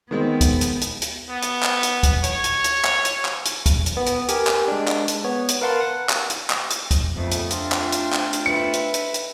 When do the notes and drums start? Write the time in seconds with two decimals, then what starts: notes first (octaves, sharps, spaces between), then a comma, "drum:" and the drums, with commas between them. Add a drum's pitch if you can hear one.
0.11 D#3 G#3 B3 C4
0.41 drum: kick, hi-hat
0.61 drum: hi-hat
0.81 drum: hi-hat
1.02 drum: hi-hat
1.29 B3
1.42 drum: hi-hat
1.63 drum: clap
1.83 drum: hi-hat
2.03 drum: kick, hi-hat
2.24 C#5, drum: hi-hat
2.44 drum: hi-hat
2.64 drum: hi-hat
2.84 drum: clap
3.05 drum: hi-hat
3.25 drum: clap
3.45 drum: hi-hat
3.66 drum: kick, hi-hat
3.86 drum: hi-hat
3.97 B3
4.06 drum: hi-hat
4.28 G4 A#4 G#5, drum: hi-hat
4.47 drum: clap
4.68 G#3 D4
4.88 drum: clap
5.08 drum: hi-hat
5.24 B3 C#5
5.49 drum: hi-hat
5.61 A#4 B4 F5 F#5 A5 C6
5.81 F#5
6.09 drum: clap
6.30 drum: hi-hat
6.50 drum: clap
6.70 drum: hi-hat
6.91 drum: kick, hi-hat
7.15 F2 C#3 A3 B3
7.31 drum: hi-hat
7.51 A3 C4 D4 F4, drum: hi-hat
7.72 drum: clap
7.92 drum: hi-hat
8.13 drum: clap
8.33 drum: hi-hat
8.46 B4 E5 C#7
8.73 drum: hi-hat
8.94 drum: hi-hat
9.14 drum: hi-hat